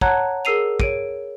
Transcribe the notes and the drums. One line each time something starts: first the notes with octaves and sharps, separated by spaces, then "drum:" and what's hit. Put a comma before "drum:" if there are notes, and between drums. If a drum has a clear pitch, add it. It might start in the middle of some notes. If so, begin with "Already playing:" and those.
C#5 F#5 A5 A#5 F#6 G#6, drum: kick
G#4 A#4 E6 C7 D#7 F7
C#5 D7 D#7, drum: kick